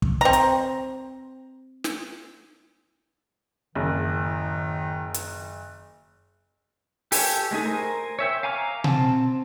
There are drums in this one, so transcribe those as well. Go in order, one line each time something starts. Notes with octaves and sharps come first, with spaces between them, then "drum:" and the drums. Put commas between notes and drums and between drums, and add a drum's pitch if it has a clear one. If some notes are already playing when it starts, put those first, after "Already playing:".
drum: kick
C4 A#5
drum: hi-hat
drum: snare
F#1 A2 D#3
drum: hi-hat
G4 A4 G5 G#5, drum: open hi-hat
G#3 A3 D#4 G#4
A#4 C5 G#5
C#5 E5 G5
F5 G#5 A#5 D6 F6
C4 A5, drum: tom B2